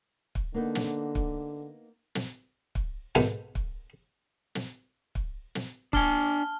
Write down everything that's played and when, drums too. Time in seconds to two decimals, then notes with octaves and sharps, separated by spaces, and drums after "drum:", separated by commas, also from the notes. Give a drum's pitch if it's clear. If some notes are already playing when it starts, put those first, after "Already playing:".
0.35 drum: kick
0.54 D3 A#3 B3 D#4
0.75 drum: snare
1.15 drum: kick
2.15 drum: snare
2.75 drum: kick
3.15 D#2 G#2 B2 A3, drum: snare
3.55 drum: kick
4.55 drum: snare
5.15 drum: kick
5.55 drum: snare
5.93 D4 G#5 A5 F6 G7, drum: kick